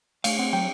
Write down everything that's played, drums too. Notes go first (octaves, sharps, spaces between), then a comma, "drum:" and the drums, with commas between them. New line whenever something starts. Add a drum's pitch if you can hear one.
A3 F5, drum: cymbal
C4 F#5
F#3 G5